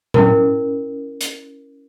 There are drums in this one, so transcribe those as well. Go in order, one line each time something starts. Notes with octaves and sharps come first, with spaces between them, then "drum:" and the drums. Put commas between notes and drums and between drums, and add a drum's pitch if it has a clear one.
C#4 E4 A#4, drum: tom A2
drum: hi-hat